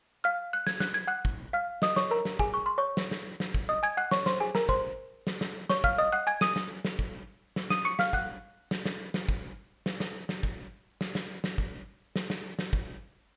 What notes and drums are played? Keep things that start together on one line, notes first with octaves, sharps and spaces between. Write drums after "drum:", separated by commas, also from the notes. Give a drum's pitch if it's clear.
F5 F6
F#6
G#6, drum: snare
F#6, drum: snare
G#6
F#5 F#6
drum: kick
F5 F6
D#5 D#6, drum: snare
C#5 C#6, drum: snare
A#4 A#5
drum: snare
G#4 G#5, drum: kick
C#6
C6
C#5 C#6
drum: snare
drum: snare
drum: snare
drum: kick
D#5 D#6
G#5 G#6
F#5 F#6
C#5 C#6, drum: snare
C5 C6, drum: snare
G#4 G#5
A#4 A#5, drum: snare
C5 C6, drum: kick
drum: snare
drum: snare
C#5 C#6, drum: snare
F5 F6, drum: kick
D#5 D#6
F#5 F#6
G#5 G#6
D#6 D#7, drum: snare
drum: snare
drum: snare
drum: kick
drum: snare
D#6 D#7, drum: snare
C#6 C#7
F5 F6, drum: snare
F#5 F#6, drum: kick
drum: snare
drum: snare
drum: snare
drum: kick
drum: snare
drum: snare
drum: snare
drum: kick
drum: snare
drum: snare
drum: snare
drum: kick
drum: snare
drum: snare
drum: snare
drum: kick